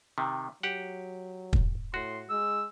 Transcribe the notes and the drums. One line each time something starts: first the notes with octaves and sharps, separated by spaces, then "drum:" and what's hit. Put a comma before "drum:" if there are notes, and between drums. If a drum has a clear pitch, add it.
C3 D#3
F#3 G4 F#5
drum: kick
A2 F#4 C6
G#3 E6